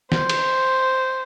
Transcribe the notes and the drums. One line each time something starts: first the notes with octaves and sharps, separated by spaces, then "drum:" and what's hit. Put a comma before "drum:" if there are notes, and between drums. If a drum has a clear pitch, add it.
C5, drum: snare
drum: cymbal